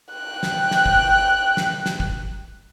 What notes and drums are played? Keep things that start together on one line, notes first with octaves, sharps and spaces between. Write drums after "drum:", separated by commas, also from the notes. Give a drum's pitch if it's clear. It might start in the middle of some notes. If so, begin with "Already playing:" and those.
G5 F#6
drum: snare
drum: snare
drum: kick
drum: snare
drum: snare
drum: kick